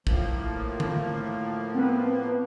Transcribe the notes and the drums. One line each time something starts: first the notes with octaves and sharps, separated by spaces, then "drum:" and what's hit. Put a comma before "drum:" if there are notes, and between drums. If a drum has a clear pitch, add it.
A2 F3 A#3, drum: kick
drum: tom D3
B3 C4 B4